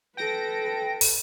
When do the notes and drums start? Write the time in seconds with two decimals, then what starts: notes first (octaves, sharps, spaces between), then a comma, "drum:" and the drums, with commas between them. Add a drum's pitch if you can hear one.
0.17 A4 B4 G5 A#6 D7
1.01 drum: open hi-hat